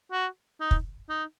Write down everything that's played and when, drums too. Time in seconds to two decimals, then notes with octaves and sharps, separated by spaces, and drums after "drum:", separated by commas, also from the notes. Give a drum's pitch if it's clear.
0.12 F#4
0.60 D#4
0.71 drum: kick
1.09 D#4